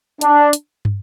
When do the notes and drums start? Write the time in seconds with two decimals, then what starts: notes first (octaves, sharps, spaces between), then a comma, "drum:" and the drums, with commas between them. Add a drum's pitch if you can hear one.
0.21 D4, drum: hi-hat
0.53 drum: hi-hat
0.85 drum: tom